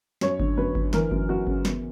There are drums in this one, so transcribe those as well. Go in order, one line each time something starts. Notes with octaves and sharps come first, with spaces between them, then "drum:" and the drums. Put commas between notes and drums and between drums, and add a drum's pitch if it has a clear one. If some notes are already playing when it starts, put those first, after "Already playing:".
F#2 C#5, drum: snare
D3, drum: kick G1
F#2 B4
D3, drum: kick G1
E3 A#4, drum: snare
F#2, drum: kick G1
F#2 F#4
C#3, drum: kick G1
E2, drum: snare